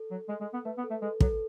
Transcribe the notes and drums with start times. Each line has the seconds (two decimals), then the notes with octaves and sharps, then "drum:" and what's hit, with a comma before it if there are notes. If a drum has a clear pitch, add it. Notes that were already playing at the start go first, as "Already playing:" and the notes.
Already playing: A4
0.11 F#3
0.29 G#3
0.41 G#3
0.54 B3
0.65 A3 B4
0.78 B3
0.84 A4
0.90 A3
1.02 G#3 A4
1.21 F#3 A4, drum: kick